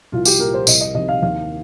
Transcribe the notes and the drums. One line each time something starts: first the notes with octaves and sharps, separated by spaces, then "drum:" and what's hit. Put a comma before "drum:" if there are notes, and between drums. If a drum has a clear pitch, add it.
C2 F4
G4, drum: tambourine
A#2 F3 A#4
C5
C2 D#5, drum: tambourine
D#5
C3 D#3 D#5
F5
D#2 F5